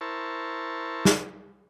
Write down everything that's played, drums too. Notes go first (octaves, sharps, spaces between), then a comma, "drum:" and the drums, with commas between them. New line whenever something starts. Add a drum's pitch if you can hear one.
E4 A#4 C5 A5 C#6
drum: snare